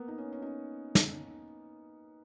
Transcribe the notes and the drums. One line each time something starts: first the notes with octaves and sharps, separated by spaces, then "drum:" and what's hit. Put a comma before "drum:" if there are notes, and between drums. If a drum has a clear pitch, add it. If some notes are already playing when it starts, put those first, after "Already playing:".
Already playing: A#3 B3
D#4
C#4
C#4
D#4
drum: snare